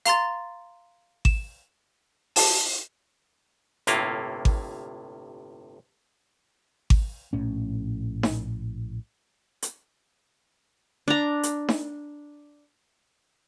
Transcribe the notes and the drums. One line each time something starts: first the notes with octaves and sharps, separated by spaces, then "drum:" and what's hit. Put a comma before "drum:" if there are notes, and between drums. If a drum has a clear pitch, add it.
F5 A#5 C6 A6, drum: hi-hat
E7, drum: kick G#1
A5, drum: open hi-hat
G1 A2 C3 A#3 E4 F4, drum: hi-hat
drum: kick G#1
drum: kick G#1
A#1 A2 C#4
drum: snare D#4
drum: hi-hat
D4 A#5
drum: hi-hat
drum: snare D#4